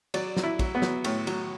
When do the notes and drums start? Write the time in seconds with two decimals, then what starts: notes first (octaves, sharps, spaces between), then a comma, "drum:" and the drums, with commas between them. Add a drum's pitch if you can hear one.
0.14 F#3 D5, drum: cymbal
0.37 F#3, drum: snare
0.43 E4
0.59 F#3, drum: kick, cymbal
0.75 B3
0.82 F#3, drum: snare
1.04 A2, drum: cymbal
1.27 F#3, drum: cymbal